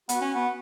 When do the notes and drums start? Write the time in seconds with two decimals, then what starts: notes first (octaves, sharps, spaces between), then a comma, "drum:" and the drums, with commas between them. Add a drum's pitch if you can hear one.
0.09 B3 F#4, drum: hi-hat
0.21 C#4
0.34 B3